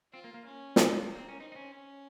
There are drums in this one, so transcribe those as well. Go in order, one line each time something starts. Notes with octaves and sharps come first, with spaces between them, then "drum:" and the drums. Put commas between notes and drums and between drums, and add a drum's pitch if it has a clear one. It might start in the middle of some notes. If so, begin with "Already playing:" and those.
C4 F4
A#3
A#3
C#4
C4 C#4, drum: snare
A#3
C4
C#4
C4 D#4
D#4
C#4
C#4